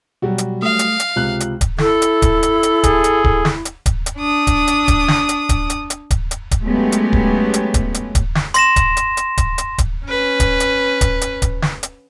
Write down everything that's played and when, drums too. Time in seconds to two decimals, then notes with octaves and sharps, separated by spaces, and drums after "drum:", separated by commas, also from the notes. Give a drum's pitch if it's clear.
0.22 B2 F#3 G3 F#4
0.38 drum: hi-hat
0.62 A3 F5 D#6
0.79 drum: hi-hat
1.00 drum: hi-hat
1.16 C#2 C3 F4 F#6
1.40 drum: hi-hat
1.61 drum: kick D1, hi-hat
1.78 E4 A4, drum: snare
2.02 drum: hi-hat
2.22 drum: kick D1, hi-hat
2.43 drum: hi-hat
2.63 drum: hi-hat
2.83 G#4, drum: kick D1, hi-hat
3.04 drum: hi-hat
3.24 drum: kick D1
3.45 drum: snare
3.65 drum: hi-hat
3.86 drum: kick D1, hi-hat
4.06 drum: hi-hat
4.18 D4 D#6
4.47 drum: kick D1, hi-hat
4.67 drum: hi-hat
4.88 drum: kick D1, hi-hat
5.08 drum: snare
5.29 drum: hi-hat
5.49 drum: kick D1, hi-hat
5.70 drum: hi-hat
5.90 drum: hi-hat
6.11 drum: kick D1, hi-hat
6.31 drum: hi-hat
6.51 drum: kick D1, hi-hat
6.66 F#3 G#3 A3 B3 C#4 G4
6.92 drum: hi-hat
7.13 drum: kick D1
7.54 drum: hi-hat
7.74 drum: kick D1, hi-hat
7.94 drum: hi-hat
8.15 drum: kick D1, hi-hat
8.35 drum: snare
8.54 C6 A#6 E7, drum: hi-hat
8.76 drum: kick D1, hi-hat
8.97 drum: hi-hat
9.17 drum: hi-hat
9.38 drum: kick D1, hi-hat
9.58 drum: hi-hat
9.78 drum: kick D1, hi-hat
10.06 C#4 B4
10.40 drum: kick D1, hi-hat
10.60 drum: hi-hat
11.01 drum: kick D1, hi-hat
11.21 drum: hi-hat
11.42 drum: kick D1, hi-hat
11.62 drum: snare
11.83 drum: hi-hat